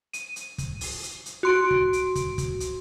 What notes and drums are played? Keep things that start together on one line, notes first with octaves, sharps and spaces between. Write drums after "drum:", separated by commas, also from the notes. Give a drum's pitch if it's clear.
D#7, drum: hi-hat
drum: hi-hat
drum: kick, hi-hat
drum: open hi-hat
drum: hi-hat
drum: hi-hat
F#4 C6 D7
drum: kick
drum: hi-hat
drum: kick, hi-hat
drum: kick, hi-hat
drum: hi-hat